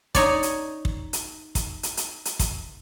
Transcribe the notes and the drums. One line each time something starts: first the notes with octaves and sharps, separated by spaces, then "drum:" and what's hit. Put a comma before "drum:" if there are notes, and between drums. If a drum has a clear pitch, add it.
D#4 C#5 D5, drum: kick, hi-hat
drum: hi-hat
drum: kick
drum: hi-hat
drum: kick, hi-hat
drum: hi-hat
drum: hi-hat
drum: hi-hat
drum: kick, hi-hat